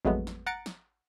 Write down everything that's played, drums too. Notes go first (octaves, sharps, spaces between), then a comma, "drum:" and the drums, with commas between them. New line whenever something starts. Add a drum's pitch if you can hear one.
F2 F#3 G#3 A3 B3, drum: kick A1
drum: snare
F#5 A#5 A6 C#7 D7
drum: snare